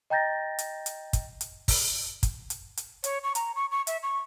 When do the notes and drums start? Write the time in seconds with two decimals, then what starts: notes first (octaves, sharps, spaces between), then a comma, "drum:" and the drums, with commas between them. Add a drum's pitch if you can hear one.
0.10 D#5 G5 A#5 G6 A6 A#6
0.59 drum: hi-hat
0.86 drum: hi-hat
1.13 drum: kick, hi-hat
1.41 drum: hi-hat
1.68 drum: kick, open hi-hat
2.23 drum: kick, hi-hat
2.50 drum: hi-hat
2.77 drum: hi-hat
3.04 C#5, drum: hi-hat
3.24 C#6
3.35 A#5, drum: hi-hat
3.56 C#6
3.71 C#6
3.87 E5, drum: hi-hat
4.03 C#6